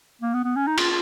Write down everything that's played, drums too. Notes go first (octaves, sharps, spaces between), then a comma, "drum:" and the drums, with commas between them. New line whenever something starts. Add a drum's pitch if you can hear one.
A#3
B3
B3
C#4
D#4
F4, drum: cymbal